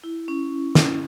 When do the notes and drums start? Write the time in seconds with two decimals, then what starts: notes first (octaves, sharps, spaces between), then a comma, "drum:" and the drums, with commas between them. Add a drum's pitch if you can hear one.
0.04 E4
0.28 C#4
0.75 drum: snare